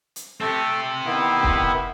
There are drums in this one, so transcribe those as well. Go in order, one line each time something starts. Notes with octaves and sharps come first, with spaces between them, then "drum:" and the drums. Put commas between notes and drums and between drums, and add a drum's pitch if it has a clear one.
drum: hi-hat
A3 C4 G4 A4
D#3 B3 E4
drum: kick